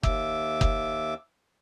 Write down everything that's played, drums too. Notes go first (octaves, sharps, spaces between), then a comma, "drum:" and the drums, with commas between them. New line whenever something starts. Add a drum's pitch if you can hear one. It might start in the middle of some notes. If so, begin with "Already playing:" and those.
D#2 E5 D6, drum: kick F#1
drum: kick F#1